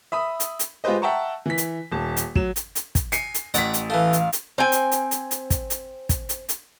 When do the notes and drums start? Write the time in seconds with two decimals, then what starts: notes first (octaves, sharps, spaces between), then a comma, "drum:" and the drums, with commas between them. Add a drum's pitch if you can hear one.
0.12 E5 B5 D#6
0.40 drum: hi-hat
0.59 drum: hi-hat
0.84 G#3 F4 G4 B4 C5 D#5
1.02 E5 F#5 G5 A5 A#5 C#6
1.46 E3 B6
1.58 drum: hi-hat
1.92 D#1 A5
2.16 drum: hi-hat
2.35 F#3 E7, drum: kick
2.56 drum: hi-hat
2.75 drum: hi-hat
2.95 drum: kick, hi-hat
3.12 G#5 C7 C#7, drum: hi-hat
3.34 drum: hi-hat
3.54 A1 C#5 D5 F#5 B6, drum: hi-hat
3.74 drum: hi-hat
3.90 E3 A3 F5
4.13 drum: hi-hat
4.33 drum: hi-hat
4.58 C4 G5 G#5
4.72 drum: hi-hat
4.91 drum: hi-hat
5.11 drum: hi-hat
5.31 drum: hi-hat
5.50 drum: kick, hi-hat
5.70 drum: hi-hat
6.09 drum: kick, hi-hat
6.29 drum: hi-hat
6.49 drum: hi-hat